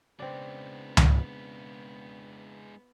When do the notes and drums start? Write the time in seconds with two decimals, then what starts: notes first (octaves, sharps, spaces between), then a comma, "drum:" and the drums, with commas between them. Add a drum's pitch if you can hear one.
0.19 C#3 G#3 B3 C4 D4 D5
0.97 drum: tom C#2